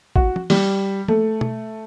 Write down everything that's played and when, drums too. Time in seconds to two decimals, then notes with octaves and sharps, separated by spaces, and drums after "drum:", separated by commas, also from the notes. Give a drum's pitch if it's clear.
0.16 F#4, drum: kick
0.36 drum: tom
0.50 G3, drum: open hi-hat
1.08 A3, drum: tom
1.41 drum: tom B2